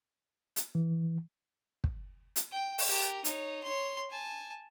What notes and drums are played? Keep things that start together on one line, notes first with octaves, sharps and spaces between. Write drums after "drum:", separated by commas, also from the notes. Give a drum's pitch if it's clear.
drum: hi-hat
E3
drum: kick
drum: hi-hat
G5
drum: open hi-hat
G4 A#4
D#4 C#5, drum: hi-hat
C#5 C6
G#5 A5